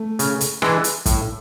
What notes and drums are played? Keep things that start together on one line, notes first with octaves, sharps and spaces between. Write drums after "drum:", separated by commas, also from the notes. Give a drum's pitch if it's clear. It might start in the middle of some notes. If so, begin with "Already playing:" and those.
Already playing: A3
C#3, drum: hi-hat
drum: hi-hat
E3 G#3 D4, drum: rim click
drum: hi-hat
A2, drum: kick, hi-hat